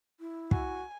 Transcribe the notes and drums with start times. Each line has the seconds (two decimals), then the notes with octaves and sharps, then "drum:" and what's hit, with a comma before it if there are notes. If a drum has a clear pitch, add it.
0.20 E4
0.51 F#4 G#5, drum: kick